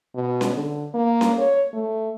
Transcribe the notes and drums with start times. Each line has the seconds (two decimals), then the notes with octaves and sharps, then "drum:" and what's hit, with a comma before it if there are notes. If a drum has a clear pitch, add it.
0.15 B2
0.41 drum: snare C#4
0.54 D3
0.94 A#3
1.21 drum: snare C#4
1.39 C#5
1.73 A3